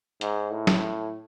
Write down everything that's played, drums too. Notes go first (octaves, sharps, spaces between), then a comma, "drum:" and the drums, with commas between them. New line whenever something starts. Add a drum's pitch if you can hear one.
G#2, drum: hi-hat
A2
drum: snare